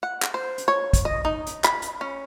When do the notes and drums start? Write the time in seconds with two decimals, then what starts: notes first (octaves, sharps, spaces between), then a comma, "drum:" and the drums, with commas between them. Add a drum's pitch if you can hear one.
0.03 F#5
0.23 drum: clap
0.34 C5
0.58 drum: hi-hat
0.68 C#5
0.93 drum: kick, hi-hat
1.05 D#5
1.25 D#4
1.47 drum: hi-hat
1.64 B5, drum: clap
1.82 drum: hi-hat
2.01 C#4